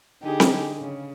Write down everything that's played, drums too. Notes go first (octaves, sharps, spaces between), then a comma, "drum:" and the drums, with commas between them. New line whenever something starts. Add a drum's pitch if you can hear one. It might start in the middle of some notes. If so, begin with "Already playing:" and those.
D3 D#4 G4 G#4
drum: snare C4
C#3